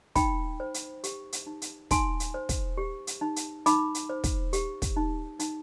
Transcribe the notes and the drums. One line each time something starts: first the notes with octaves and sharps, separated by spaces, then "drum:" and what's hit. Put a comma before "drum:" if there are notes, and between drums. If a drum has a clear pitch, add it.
D#4 G5 B5, drum: kick, hi-hat
C5
drum: hi-hat
G4, drum: hi-hat
drum: hi-hat
D#4
drum: hi-hat
D#4 G#5 C6, drum: kick, hi-hat
drum: hi-hat
C5
drum: kick, hi-hat
G4
drum: hi-hat
D#4
drum: hi-hat
D#4 B5 D6, drum: hi-hat
drum: hi-hat
C5
drum: kick, hi-hat
G4, drum: hi-hat
drum: kick, hi-hat
D#4
D#4, drum: hi-hat